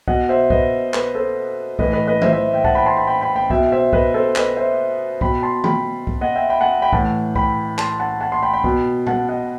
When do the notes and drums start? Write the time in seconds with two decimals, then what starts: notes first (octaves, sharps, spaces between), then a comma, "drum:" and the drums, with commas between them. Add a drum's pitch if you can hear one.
0.08 B2 D#5 F#5, drum: kick
0.29 C5 E5
0.50 B4 D#5, drum: kick
0.94 B4, drum: clap
1.15 A4 C5
1.79 A2 E3 B4 D#5, drum: kick
1.93 B4 D#5
2.07 B4 D#5
2.22 C5 E5, drum: tom D#3
2.33 C5 E5
2.53 E5 G5
2.64 F#5 A5, drum: kick
2.75 G5 B5
2.86 A5 C6
2.97 G5 B5
3.07 G5 B5
3.21 G5 B5
3.36 G5 B5
3.50 B2 E5 G5, drum: kick
3.72 C5 E5
3.93 B4 D#5, drum: kick
4.14 A4 C5
4.36 B4 D#5, drum: clap
4.57 C5 E5
5.21 B2 G5 B5, drum: kick
5.42 A5 C6
5.64 G5 B5, drum: tom D#3
6.07 drum: kick
6.21 D#5 F#5
6.36 E5 G5
6.50 G5 B5
6.61 F#5 A5
6.82 G5 B5
6.93 A2 E3 F#5 A5, drum: kick
7.35 G5 B5, drum: kick
7.78 A5 C6, drum: clap
8.00 F#5 A5
8.21 F#5 A5
8.32 A5 C6
8.42 G5 B5
8.53 G5 B5
8.64 B2, drum: kick
9.07 F#5 A5, drum: tom A#2
9.29 D#5 F#5